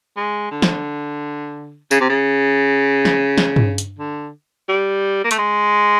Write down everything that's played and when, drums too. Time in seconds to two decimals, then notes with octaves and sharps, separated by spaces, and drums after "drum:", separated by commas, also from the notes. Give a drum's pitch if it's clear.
0.17 G#3
0.51 D3
0.62 drum: snare
1.91 C#3, drum: tambourine
2.00 C3
2.10 C#3
3.05 drum: snare
3.38 drum: snare
3.56 drum: tom
3.78 drum: hi-hat
3.99 D3
4.69 G3
5.24 A#3
5.31 A3, drum: hi-hat
5.38 G#3